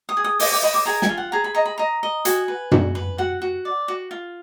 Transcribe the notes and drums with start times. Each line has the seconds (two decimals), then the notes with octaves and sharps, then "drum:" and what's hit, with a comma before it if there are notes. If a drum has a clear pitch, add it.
0.09 D#6
0.17 G#4
0.24 D#6
0.40 D#5 D6, drum: open hi-hat
0.52 D6
0.62 D#5 B5
0.74 D6
0.86 G#4 A#5
1.02 G#5, drum: snare
1.09 F4
1.18 F#5
1.32 G#4 A#5
1.44 B5
1.55 D#5 A#5
1.66 B5
1.78 D#5 A#5
2.03 D#5
2.25 F#4 G#5, drum: hi-hat
2.48 B4
2.71 F#4, drum: tom
2.95 B4
3.18 F#4 F#5
3.42 F#4
3.65 D5
3.88 F#4
4.11 F4